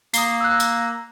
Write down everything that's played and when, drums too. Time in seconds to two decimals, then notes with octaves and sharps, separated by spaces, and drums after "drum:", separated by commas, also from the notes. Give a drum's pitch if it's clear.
0.14 A#3 D#6 C7, drum: tambourine
0.41 E6 F#6
0.60 drum: tambourine